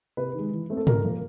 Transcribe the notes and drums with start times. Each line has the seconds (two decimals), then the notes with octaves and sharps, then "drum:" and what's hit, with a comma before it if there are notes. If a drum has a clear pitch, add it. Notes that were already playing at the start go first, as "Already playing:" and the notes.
0.17 C3 B4
0.34 D#3 G#3
0.53 E3
0.70 A3 C4
0.77 A4
0.87 C3 A#4, drum: tom
1.04 F3 A#3